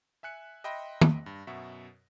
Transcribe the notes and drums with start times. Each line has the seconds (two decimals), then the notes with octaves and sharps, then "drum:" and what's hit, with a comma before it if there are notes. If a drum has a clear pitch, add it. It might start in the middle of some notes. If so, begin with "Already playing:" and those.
0.23 E5 G#5 F#6 C#7
0.64 D#5 E5 G5 B5 C6 A#6
1.02 drum: tom
1.26 G2
1.47 F#2 B2 E5 F#5 C#6